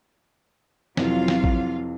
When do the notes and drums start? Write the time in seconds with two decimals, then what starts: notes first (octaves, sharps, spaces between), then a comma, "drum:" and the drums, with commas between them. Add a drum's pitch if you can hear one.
0.97 F2 C3 E3 F#3 F4 F5, drum: snare
1.28 drum: snare
1.44 drum: kick A1